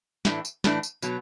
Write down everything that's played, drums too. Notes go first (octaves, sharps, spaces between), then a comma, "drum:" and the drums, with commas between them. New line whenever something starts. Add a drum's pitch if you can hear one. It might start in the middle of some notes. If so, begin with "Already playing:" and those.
A2 E3 A3 D4, drum: snare
drum: tambourine
A2 E3 A3 D4, drum: snare
drum: tambourine
B2 F#3 B3, drum: tambourine